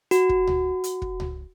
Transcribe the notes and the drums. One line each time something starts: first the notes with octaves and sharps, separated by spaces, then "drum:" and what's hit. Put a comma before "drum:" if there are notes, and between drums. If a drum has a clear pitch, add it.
F#4, drum: hi-hat
drum: kick
drum: tom C#2
drum: hi-hat
drum: kick
drum: tom C#2